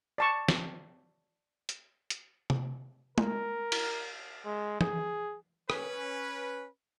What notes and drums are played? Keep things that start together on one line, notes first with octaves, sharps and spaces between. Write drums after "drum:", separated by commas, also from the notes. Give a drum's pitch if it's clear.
D5 A5 C#6
drum: snare
drum: hi-hat
drum: hi-hat
drum: tom C3
A#4, drum: tom
drum: cymbal
G#3
G#4, drum: tom
C#4 B4, drum: rim click